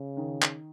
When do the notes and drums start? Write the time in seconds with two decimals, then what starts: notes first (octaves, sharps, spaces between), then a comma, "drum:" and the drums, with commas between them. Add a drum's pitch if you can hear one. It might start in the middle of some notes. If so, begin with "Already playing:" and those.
Already playing: C#3
0.17 D#3
0.42 drum: clap